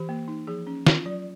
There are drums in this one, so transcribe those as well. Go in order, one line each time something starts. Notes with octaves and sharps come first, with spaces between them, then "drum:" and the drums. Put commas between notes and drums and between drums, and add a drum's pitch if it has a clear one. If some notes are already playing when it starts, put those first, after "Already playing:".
Already playing: E3 G4
A#3
D#4
F3 G#4
C#4
F4, drum: snare
F#3 D5